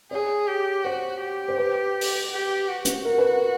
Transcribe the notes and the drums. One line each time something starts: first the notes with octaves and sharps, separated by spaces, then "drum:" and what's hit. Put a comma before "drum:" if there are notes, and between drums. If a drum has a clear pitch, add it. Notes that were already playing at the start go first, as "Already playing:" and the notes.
G#4 C#5
G4
F#4 C5
G4
C5
B4
drum: open hi-hat
G4
F#4
drum: hi-hat
A#4
B4
A#4